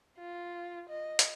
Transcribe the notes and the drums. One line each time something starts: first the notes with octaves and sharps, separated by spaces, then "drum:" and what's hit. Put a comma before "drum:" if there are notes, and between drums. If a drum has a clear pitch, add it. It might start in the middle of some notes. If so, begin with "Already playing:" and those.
F4
D#5
drum: hi-hat